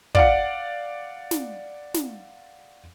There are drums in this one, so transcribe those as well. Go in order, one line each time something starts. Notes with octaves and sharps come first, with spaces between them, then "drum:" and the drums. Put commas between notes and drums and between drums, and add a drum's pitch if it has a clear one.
D5 F5 F#5, drum: kick
drum: snare
drum: snare